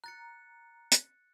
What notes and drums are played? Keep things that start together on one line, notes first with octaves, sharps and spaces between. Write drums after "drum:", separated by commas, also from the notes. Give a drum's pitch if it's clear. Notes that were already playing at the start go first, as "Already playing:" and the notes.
A#5 F#6 A6 C#7
drum: hi-hat